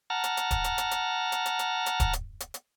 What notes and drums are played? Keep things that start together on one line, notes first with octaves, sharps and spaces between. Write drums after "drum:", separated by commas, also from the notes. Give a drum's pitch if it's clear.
F#5 A5 A#5 F6
drum: hi-hat
drum: hi-hat
drum: kick D1, hi-hat
drum: hi-hat
drum: hi-hat
drum: hi-hat
drum: hi-hat
drum: hi-hat
drum: hi-hat
drum: hi-hat
drum: kick D1, hi-hat
drum: hi-hat
drum: hi-hat
drum: hi-hat